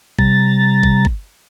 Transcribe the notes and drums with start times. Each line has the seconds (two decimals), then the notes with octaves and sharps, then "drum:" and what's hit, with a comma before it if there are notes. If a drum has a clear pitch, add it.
0.19 C3 G3 A#5 A6, drum: kick
0.83 drum: kick
1.05 drum: kick